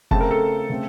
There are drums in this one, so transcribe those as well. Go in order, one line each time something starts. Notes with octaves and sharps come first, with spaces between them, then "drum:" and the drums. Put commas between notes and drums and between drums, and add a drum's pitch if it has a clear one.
C#3 A3 C4 A5, drum: kick F1
A#4
A4
C#3 A3 C4